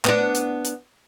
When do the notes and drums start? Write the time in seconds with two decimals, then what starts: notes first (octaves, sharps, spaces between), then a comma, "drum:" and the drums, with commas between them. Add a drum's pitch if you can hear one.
0.05 B3 D4, drum: clap
0.35 drum: hi-hat
0.65 drum: hi-hat